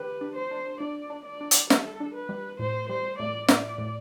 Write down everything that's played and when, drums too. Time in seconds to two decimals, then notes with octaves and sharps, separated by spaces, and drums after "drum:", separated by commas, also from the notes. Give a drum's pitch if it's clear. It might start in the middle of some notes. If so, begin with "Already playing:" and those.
Already playing: D3 G4 B4
0.21 D4
0.36 C5
0.51 D4
0.80 D4 D5
1.10 D4
1.25 D5
1.41 D4
1.51 drum: hi-hat
1.70 G3 A4, drum: snare
2.00 D4
2.14 B4
2.29 G3
2.59 A2 C5
2.89 G3 C5
3.19 A2 D5
3.48 A2 D5, drum: snare
3.78 A2